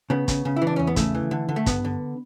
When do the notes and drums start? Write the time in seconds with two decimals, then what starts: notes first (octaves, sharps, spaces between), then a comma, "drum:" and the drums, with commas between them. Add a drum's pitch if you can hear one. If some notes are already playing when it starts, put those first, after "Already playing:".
0.10 C#3 B3
0.28 C#3, drum: kick, hi-hat
0.45 C#3
0.56 E4
0.62 E3
0.67 D4
0.76 E2 C#4
0.87 B3
0.96 C#3 A3, drum: kick, hi-hat
1.15 E3
1.31 D3
1.49 D3
1.56 A3
1.66 G2 B3, drum: kick, hi-hat
1.85 D3